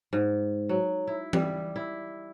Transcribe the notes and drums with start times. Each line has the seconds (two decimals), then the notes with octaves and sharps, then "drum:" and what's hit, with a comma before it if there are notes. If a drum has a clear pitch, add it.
0.13 G#2
0.69 F#3
1.07 E4
1.33 G3, drum: tom E3
1.76 E4